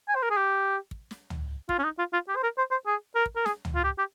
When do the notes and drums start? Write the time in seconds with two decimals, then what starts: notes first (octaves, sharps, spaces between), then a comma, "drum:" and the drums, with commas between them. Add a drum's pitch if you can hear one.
0.09 G#5
0.16 C5
0.23 A#4
0.30 G#4
0.37 G4
0.91 drum: kick
1.11 drum: snare
1.30 drum: tom
1.69 F4, drum: kick
1.79 C#4
1.84 D#4
1.98 F4
2.13 F4
2.28 G4
2.36 C5
2.43 A#4
2.58 C5
2.71 C5
2.86 G#4
3.15 A#4
3.26 drum: kick
3.36 A#4
3.46 G#4, drum: snare
3.65 drum: tom
3.75 F4
3.84 G4
3.98 G4